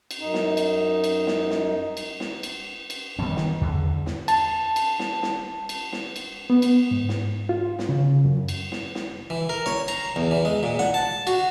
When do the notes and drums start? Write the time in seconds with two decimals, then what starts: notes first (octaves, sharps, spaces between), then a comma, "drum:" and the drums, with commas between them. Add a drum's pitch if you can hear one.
0.11 drum: cymbal
0.20 F#2 D#4
0.34 drum: snare
0.57 drum: cymbal
1.04 drum: cymbal
1.27 drum: snare
1.50 drum: snare
1.97 drum: cymbal
2.20 drum: snare
2.43 drum: cymbal
2.90 drum: cymbal
3.19 D#3 G3 B3 C#4
3.36 drum: snare
3.61 E2 D3
4.06 drum: snare
4.28 A5, drum: cymbal
4.76 drum: cymbal
4.99 drum: snare
5.23 drum: snare
5.69 drum: cymbal
5.92 drum: snare
6.16 drum: cymbal
6.50 B3
6.62 drum: cymbal
6.91 G#2
7.09 drum: snare
7.49 F4
7.79 drum: snare
7.89 C#3
8.25 F#2
8.48 drum: cymbal
8.72 drum: snare
8.95 drum: snare
9.30 E3
9.49 A#4
9.66 C#5, drum: snare
9.88 A#5, drum: cymbal
10.16 E2
10.31 E3
10.45 G#3
10.63 A#2
10.79 F#5, drum: snare
10.94 A5
11.27 F#4, drum: cymbal